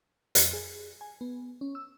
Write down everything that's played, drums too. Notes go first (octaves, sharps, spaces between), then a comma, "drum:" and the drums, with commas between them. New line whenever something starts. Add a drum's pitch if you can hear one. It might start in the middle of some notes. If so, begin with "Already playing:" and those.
F2, drum: hi-hat
G#4
G#5
B3
C#4
E6